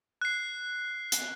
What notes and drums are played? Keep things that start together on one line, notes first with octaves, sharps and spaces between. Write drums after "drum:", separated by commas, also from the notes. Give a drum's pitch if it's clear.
F#6 C7
drum: hi-hat